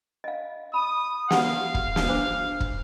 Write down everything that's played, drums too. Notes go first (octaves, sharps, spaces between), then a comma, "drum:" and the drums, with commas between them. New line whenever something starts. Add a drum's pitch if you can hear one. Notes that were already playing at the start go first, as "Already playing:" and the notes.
D#5 F5
B5 D#6
G4 F5 F#5, drum: snare
drum: kick
drum: snare
D4 C5 D6
drum: kick